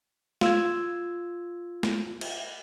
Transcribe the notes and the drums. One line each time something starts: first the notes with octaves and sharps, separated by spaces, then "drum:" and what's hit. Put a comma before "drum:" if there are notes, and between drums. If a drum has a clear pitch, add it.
F4 E6 G#6, drum: snare
drum: snare
drum: cymbal